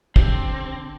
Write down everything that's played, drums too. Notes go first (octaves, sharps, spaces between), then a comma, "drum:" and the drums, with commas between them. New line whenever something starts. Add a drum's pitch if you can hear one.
D3 C4 G4 G#4, drum: kick